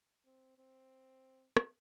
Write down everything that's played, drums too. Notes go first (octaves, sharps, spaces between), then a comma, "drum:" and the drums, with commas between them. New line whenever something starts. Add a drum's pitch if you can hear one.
C4
C4
drum: rim click